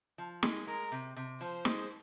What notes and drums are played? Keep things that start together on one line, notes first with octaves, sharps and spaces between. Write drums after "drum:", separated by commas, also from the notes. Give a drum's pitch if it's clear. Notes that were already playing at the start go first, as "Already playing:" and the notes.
F3
G#3, drum: snare
G#3 A#4
C3
C3
F3 C5
G#3, drum: snare